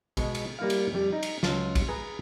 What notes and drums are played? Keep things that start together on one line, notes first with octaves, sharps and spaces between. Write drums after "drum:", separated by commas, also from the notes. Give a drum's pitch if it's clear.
B2 G#3, drum: kick, cymbal
drum: cymbal
G3 A#3 E4 F5
drum: cymbal
F2 G3
D#4
drum: cymbal
C#2 F#3 F4 F5 A5, drum: snare
drum: kick, cymbal
G#4 B4 G#5 A#5